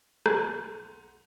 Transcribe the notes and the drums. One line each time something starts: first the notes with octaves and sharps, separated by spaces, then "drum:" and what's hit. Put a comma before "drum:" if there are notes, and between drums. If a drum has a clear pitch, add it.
B1 E2 F#5 C6, drum: rim click